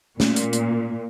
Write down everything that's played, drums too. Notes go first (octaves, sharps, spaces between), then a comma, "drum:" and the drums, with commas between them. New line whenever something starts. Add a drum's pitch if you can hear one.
A#2 A3 C#4, drum: snare
drum: hi-hat
drum: hi-hat